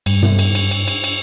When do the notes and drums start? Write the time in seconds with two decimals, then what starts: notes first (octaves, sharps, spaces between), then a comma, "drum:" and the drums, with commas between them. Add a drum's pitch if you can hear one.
0.06 G2, drum: cymbal
0.22 drum: tom
0.39 drum: cymbal
0.55 drum: cymbal
0.71 drum: cymbal
0.88 drum: cymbal
1.04 drum: cymbal